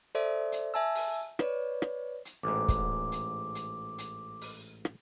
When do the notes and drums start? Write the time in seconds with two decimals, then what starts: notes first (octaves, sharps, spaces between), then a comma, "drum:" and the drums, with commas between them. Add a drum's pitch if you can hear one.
0.15 A4 C5 D5 E5
0.52 drum: hi-hat
0.74 E5 G#5 A5 E6
0.95 drum: open hi-hat
1.39 B4 C#5 D5, drum: rim click
1.82 drum: rim click
2.25 drum: hi-hat
2.43 A1 G#2 D6
2.68 drum: kick, hi-hat
3.12 drum: hi-hat
3.55 drum: hi-hat
3.98 drum: hi-hat
4.42 drum: open hi-hat
4.85 drum: rim click